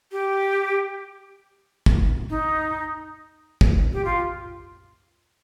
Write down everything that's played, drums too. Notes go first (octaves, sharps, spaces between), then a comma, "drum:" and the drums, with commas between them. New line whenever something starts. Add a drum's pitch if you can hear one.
G4
drum: kick
D#4
drum: kick
G4
F4